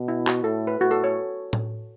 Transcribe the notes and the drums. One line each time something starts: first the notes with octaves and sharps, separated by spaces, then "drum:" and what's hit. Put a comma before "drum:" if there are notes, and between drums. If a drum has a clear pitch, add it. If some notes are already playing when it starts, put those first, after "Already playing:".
Already playing: B2
E4
F#4, drum: clap
A2 A4
B4
A2 F#4
A4
C#5
drum: tom A2